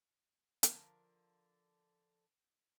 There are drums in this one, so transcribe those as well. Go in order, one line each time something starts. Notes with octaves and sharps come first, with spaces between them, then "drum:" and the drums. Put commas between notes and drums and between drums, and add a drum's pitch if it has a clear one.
D3 F3 A#4 A5, drum: hi-hat